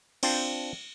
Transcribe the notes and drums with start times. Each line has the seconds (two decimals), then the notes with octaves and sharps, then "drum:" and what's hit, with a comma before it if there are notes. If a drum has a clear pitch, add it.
0.23 C4 D4 F4 G5 A5, drum: cymbal